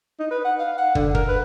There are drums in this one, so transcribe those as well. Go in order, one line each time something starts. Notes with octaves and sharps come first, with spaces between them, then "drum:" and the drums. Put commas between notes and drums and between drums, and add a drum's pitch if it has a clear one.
D#4
B4
F#5
F5
F#5
D3, drum: kick
A#4, drum: kick
B4